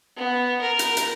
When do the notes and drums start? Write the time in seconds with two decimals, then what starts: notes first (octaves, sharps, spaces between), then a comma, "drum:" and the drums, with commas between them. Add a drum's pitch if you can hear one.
0.17 B3
0.61 A#4
0.79 drum: hi-hat
0.97 drum: hi-hat